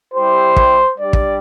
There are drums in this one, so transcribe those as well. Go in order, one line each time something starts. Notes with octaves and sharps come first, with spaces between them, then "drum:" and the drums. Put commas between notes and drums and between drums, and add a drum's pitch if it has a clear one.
G3 E4 G4 C5
drum: kick
G3 D4 G4 D5
drum: kick